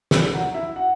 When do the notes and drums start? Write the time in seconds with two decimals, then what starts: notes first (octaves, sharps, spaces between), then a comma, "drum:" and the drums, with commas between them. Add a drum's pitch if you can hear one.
0.11 drum: snare
0.33 F#3 F#4
0.54 E4 E5
0.76 F#4 F#5